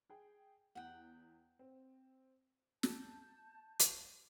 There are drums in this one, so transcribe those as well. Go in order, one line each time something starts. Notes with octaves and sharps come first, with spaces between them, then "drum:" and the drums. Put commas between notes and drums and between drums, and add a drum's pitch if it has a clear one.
G#4 G5
E2 F#5 G5
C4
A5 G6, drum: snare
drum: hi-hat